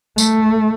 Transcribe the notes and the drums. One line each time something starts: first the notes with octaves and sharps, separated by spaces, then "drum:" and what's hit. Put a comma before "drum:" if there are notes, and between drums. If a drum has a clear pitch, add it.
A3, drum: tambourine